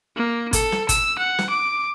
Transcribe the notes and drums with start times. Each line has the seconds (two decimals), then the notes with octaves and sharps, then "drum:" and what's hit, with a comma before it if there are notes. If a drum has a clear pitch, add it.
0.17 A#3
0.53 A4, drum: kick, hi-hat
0.72 drum: snare
0.89 E6, drum: kick, hi-hat
1.18 F#5
1.39 drum: snare
1.49 D6